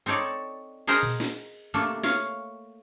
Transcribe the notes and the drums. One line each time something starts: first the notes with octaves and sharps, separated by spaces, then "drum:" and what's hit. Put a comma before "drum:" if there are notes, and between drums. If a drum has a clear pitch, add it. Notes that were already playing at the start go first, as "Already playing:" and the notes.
C4 D#4 A4 C#5 D5
G#4 A#4 C5 D#5 F#5 A#5, drum: cymbal
drum: tom A#2
drum: snare
C3 A3 A#3 D4 A4
C#5 F5, drum: snare